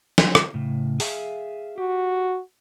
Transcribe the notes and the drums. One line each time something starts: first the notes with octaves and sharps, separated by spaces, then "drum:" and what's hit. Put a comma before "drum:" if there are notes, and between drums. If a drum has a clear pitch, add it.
drum: snare
drum: rim click
A2 C#3
G#4 E5 F5, drum: open hi-hat
F#4 G4